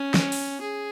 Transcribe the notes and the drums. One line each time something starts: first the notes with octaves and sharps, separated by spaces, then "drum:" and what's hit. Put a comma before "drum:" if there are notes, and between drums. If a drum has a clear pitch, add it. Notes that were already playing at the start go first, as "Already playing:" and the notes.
Already playing: C#4
drum: snare
drum: open hi-hat
G#4